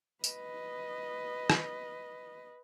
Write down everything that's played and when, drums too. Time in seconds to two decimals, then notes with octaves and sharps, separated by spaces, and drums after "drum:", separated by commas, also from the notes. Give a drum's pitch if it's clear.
0.24 B4 D#5, drum: tambourine
1.50 drum: rim click